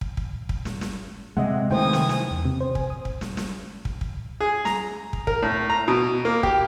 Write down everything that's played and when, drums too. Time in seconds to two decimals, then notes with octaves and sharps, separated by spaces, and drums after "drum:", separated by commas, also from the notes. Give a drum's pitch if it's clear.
0.01 drum: kick
0.17 drum: kick
0.49 drum: kick
0.65 drum: snare
0.81 drum: snare
1.37 C3 G#3 D#5 E5 F#5
1.71 C3 D#3 E3 A3 C5 G5 G#5 D#6
1.93 drum: snare
2.09 drum: snare
2.31 E2
2.45 C3
2.61 C5
2.75 G#5, drum: kick
2.90 D#6
3.05 drum: kick
3.21 drum: snare
3.37 drum: snare
3.85 drum: kick
4.01 drum: kick
4.40 G#4
4.65 A#5, drum: snare
5.13 drum: kick
5.27 A#4, drum: kick
5.43 A2
5.70 A#5
5.88 B2
6.25 A#3
6.43 G4, drum: kick